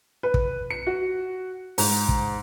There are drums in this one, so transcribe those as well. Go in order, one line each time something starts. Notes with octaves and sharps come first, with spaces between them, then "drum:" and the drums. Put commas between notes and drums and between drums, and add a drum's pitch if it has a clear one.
B4
drum: kick
C#7
F#4
G#2, drum: open hi-hat
drum: kick